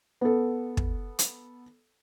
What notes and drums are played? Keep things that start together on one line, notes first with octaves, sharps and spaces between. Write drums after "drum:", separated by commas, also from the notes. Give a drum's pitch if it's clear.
B3 A4
drum: kick
drum: hi-hat